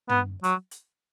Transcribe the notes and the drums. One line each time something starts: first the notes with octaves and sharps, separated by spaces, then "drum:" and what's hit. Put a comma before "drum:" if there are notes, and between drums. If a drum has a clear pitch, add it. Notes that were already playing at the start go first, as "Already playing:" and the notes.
B3, drum: tom
F#3, drum: hi-hat
drum: hi-hat